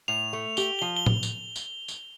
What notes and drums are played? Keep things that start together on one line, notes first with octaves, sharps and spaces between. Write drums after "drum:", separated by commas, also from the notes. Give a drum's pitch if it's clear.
A2 F7
A3
G4 G7, drum: tambourine
F3 G7
G7
drum: tom A2
drum: tambourine
drum: tambourine
drum: tambourine